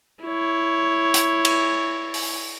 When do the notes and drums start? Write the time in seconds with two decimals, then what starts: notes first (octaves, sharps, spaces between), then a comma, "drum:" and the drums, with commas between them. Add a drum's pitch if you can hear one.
0.23 E4 C#5
1.14 drum: hi-hat
1.45 drum: cymbal
2.14 drum: open hi-hat